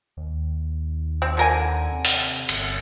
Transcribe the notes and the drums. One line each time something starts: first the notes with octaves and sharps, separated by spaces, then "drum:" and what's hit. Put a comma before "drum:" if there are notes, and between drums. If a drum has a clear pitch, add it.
D#2
C4
D3 A#4 G#5
C3
drum: open hi-hat
G1, drum: cymbal